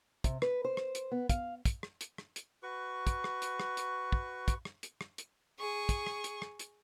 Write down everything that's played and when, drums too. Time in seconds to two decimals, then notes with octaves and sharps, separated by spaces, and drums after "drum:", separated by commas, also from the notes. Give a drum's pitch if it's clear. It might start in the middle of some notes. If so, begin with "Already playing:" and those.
0.24 C3, drum: kick, hi-hat
0.42 B4, drum: rim click
0.65 C5
0.77 drum: rim click
0.95 drum: hi-hat
1.12 B3
1.29 F5, drum: kick, hi-hat
1.65 drum: kick, hi-hat
1.83 drum: rim click
2.01 drum: hi-hat
2.18 drum: rim click
2.36 drum: hi-hat
2.63 F#4 B4 C#6
3.07 drum: kick, hi-hat
3.24 drum: rim click
3.42 drum: hi-hat
3.60 drum: rim click
3.77 drum: hi-hat
4.12 drum: kick
4.48 drum: kick, hi-hat
4.65 drum: rim click
4.83 drum: hi-hat
5.01 drum: rim click
5.18 drum: hi-hat
5.59 G#4 C#6
5.89 drum: kick, hi-hat
6.07 drum: rim click
6.24 drum: hi-hat
6.42 drum: rim click
6.59 drum: hi-hat